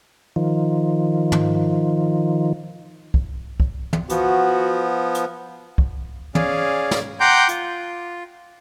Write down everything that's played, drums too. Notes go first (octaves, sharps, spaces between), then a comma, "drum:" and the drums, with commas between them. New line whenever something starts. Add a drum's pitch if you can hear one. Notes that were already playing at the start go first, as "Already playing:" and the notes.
D#3 F3
drum: tom
drum: kick
drum: kick
drum: tom
F3 B3 F#4, drum: hi-hat
drum: hi-hat
drum: kick
C#4 G#4 D5 F5, drum: tom
drum: snare
F#5 G5 A#5 C6 D6 G6
F4, drum: hi-hat